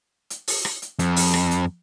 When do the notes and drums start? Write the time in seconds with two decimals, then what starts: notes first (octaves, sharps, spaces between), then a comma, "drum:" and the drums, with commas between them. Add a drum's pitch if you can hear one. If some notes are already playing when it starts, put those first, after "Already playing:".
0.30 drum: hi-hat
0.48 drum: open hi-hat
0.65 drum: rim click
0.82 drum: hi-hat
0.99 F2, drum: hi-hat
1.16 drum: open hi-hat
1.34 drum: rim click
1.51 drum: hi-hat